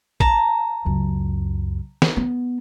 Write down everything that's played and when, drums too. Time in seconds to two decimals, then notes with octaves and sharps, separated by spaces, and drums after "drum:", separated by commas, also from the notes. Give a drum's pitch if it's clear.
0.20 A5 A#5, drum: kick
0.85 C#2 F#2
2.02 drum: snare
2.17 B3